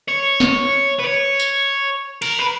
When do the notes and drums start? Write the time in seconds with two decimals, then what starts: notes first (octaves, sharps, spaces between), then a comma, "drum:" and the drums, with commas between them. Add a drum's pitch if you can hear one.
0.08 C#5
0.40 drum: snare
0.99 B4
1.04 C#5
1.40 drum: tambourine
2.22 A#4, drum: cymbal
2.39 B4